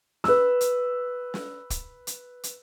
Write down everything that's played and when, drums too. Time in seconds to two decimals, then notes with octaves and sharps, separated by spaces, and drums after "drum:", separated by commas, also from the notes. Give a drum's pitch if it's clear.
0.24 B4 E6, drum: snare
0.61 drum: hi-hat
1.34 drum: snare
1.70 drum: kick, hi-hat
2.07 drum: hi-hat
2.43 drum: hi-hat